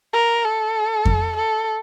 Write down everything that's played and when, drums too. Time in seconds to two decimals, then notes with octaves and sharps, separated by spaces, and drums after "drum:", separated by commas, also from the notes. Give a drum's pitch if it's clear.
0.14 A#4
0.45 A4
1.05 drum: kick F2
1.36 A4